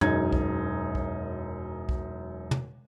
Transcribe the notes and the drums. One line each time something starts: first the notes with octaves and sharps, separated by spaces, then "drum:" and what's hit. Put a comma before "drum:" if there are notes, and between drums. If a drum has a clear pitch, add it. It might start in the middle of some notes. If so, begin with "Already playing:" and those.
E1 F#2 D#4 G#6, drum: tom
drum: kick B1
drum: kick B1
drum: kick B1
drum: tom